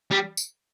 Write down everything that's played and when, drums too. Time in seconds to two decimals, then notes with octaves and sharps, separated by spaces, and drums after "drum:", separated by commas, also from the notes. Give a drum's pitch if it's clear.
0.11 G3
0.37 drum: tambourine